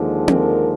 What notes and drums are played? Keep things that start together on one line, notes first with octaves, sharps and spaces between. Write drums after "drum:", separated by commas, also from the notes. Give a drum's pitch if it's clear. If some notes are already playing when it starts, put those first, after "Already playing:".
Already playing: D#2 D3 F3 G#3
A#4, drum: tom C4